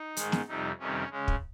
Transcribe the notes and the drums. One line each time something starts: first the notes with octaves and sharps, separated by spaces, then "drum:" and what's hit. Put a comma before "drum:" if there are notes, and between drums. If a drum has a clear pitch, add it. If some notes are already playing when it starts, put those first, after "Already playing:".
Already playing: D#4
G#2 D#3 G#3, drum: hi-hat
drum: snare
F2 C3 G3 D#4
F2 C3 D#3 G3 C#4
C#3 G#3 C#4
drum: kick